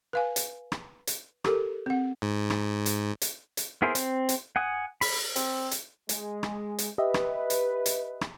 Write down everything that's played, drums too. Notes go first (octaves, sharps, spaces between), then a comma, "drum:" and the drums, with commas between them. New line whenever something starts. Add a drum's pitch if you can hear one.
B4 F5 G#5
drum: hi-hat
drum: rim click
drum: hi-hat
G4 A4 A#4, drum: rim click
C4 F#5
G#2
drum: rim click
drum: hi-hat
drum: hi-hat
drum: hi-hat
B3 E4 G#4 A#4 C5
C4, drum: hi-hat
drum: hi-hat
F#5 G#5 D#6
B5, drum: open hi-hat
C4, drum: hi-hat
drum: hi-hat
G#3, drum: hi-hat
drum: rim click
drum: hi-hat
G4 B4 D#5 E5
drum: rim click
drum: hi-hat
drum: hi-hat
drum: rim click